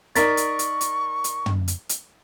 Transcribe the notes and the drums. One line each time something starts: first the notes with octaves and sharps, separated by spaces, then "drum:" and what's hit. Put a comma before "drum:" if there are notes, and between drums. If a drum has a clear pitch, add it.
D#4 A#4 D5 C#6 A6 B6, drum: hi-hat
drum: hi-hat
drum: hi-hat
drum: hi-hat
drum: hi-hat
drum: tom
drum: hi-hat
drum: hi-hat